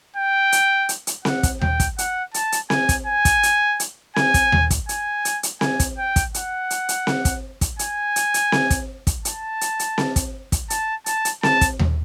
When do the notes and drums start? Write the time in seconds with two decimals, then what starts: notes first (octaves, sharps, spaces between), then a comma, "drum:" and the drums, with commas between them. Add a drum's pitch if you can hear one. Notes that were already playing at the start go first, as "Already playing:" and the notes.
0.17 G5
0.52 drum: hi-hat
0.89 drum: hi-hat
1.07 drum: hi-hat
1.25 F#5, drum: snare C4
1.43 drum: kick, hi-hat
1.61 G5, drum: tom D#2
1.80 drum: kick, hi-hat
1.98 F#5, drum: hi-hat
2.34 A5, drum: hi-hat
2.52 drum: hi-hat
2.70 G#5, drum: snare C4
2.89 drum: kick, hi-hat
3.07 G#5
3.25 drum: kick, hi-hat
3.43 drum: hi-hat
3.80 drum: hi-hat
4.16 G#5, drum: snare C4
4.34 drum: kick, hi-hat
4.52 drum: tom D#2
4.70 drum: kick, hi-hat
4.89 G#5, drum: hi-hat
5.25 drum: hi-hat
5.43 drum: hi-hat
5.61 G#5, drum: snare C4
5.80 drum: kick, hi-hat
5.98 G5
6.16 drum: kick, hi-hat
6.34 F#5, drum: hi-hat
6.70 drum: hi-hat
6.89 drum: hi-hat
7.07 drum: snare C4
7.25 drum: kick, hi-hat
7.61 drum: kick, hi-hat
7.79 G#5, drum: hi-hat
8.16 drum: hi-hat
8.34 drum: hi-hat
8.52 drum: snare C4
8.70 drum: kick, hi-hat
9.07 drum: kick, hi-hat
9.25 A5, drum: hi-hat
9.61 drum: hi-hat
9.79 drum: hi-hat
9.98 drum: snare C4
10.16 drum: kick, hi-hat
10.52 drum: kick, hi-hat
10.70 A5, drum: hi-hat
11.06 A5, drum: hi-hat
11.25 drum: hi-hat
11.43 A5, drum: snare C4
11.61 drum: kick, hi-hat
11.79 drum: tom D#2